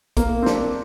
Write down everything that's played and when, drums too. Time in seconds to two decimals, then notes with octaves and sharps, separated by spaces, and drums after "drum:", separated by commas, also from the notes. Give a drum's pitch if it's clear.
0.17 A#3, drum: kick, hi-hat
0.42 C4
0.46 D4, drum: snare